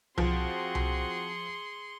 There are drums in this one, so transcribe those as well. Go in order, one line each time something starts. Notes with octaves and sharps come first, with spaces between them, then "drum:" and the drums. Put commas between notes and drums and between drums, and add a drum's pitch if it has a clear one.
F3 C4 F#4 G#4 C6 C#7, drum: tom C2
drum: tom C2